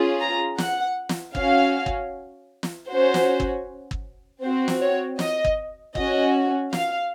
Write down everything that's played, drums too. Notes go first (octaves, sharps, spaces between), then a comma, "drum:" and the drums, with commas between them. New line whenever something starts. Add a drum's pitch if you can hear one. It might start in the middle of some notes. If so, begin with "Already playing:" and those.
Already playing: C#4 F4 G#4
A#5
F#5, drum: snare
drum: snare
C#4 F#4 F5, drum: kick
drum: kick
drum: snare
C#4 F#4 C5
drum: snare
drum: kick
drum: kick
C4 F#4 C5
drum: snare
C#5
D#5, drum: snare
drum: kick
C#4 F#4 D#5, drum: kick
F5, drum: snare